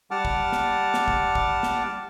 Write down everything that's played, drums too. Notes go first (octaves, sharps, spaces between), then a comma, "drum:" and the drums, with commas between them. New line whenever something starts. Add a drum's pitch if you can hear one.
G3 F#5 A5 D6 F6
drum: kick
drum: snare
drum: snare
drum: kick
drum: kick
drum: snare